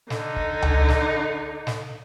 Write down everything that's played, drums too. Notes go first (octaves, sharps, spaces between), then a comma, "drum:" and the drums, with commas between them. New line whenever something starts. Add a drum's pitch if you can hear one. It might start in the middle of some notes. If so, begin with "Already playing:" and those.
D3 D#4, drum: snare
drum: kick
drum: tom C#2
drum: snare
drum: snare